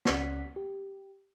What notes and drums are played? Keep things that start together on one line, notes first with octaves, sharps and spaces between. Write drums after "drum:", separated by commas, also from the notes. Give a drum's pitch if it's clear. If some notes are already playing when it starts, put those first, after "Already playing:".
C#2 C#4 D5 F#5 B6, drum: snare
G4